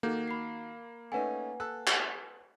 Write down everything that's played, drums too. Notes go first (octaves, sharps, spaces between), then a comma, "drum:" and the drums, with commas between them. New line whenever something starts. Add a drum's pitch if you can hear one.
D#3 A#3 F#4 A4 G6
B5 C7
A3 C#4 D#4 B4 F#5 G#5
A4 E6 F#6
drum: clap